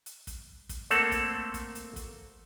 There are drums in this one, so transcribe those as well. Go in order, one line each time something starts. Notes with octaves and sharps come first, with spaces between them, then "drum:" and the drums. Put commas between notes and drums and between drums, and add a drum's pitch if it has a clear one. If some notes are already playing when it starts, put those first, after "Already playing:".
drum: hi-hat
drum: kick, hi-hat
drum: kick, hi-hat
A3 A#3 C4 A4 F#5, drum: hi-hat
drum: kick, hi-hat
drum: kick, hi-hat
drum: hi-hat
drum: kick, hi-hat